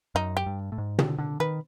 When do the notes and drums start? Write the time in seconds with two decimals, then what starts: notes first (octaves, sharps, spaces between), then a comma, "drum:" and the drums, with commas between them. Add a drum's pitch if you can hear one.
0.15 F#2 D#4
0.37 G4
0.46 G2
0.72 A2
0.78 G#2
0.99 D3, drum: tom
1.18 D3
1.40 D#3 B4